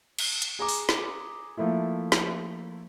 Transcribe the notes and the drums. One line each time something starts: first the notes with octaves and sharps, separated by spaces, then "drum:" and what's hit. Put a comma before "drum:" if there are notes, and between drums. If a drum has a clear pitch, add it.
drum: cymbal
drum: hi-hat
G#4 A#5 D6
drum: open hi-hat
drum: snare
F3 A3 A#3 E4
drum: snare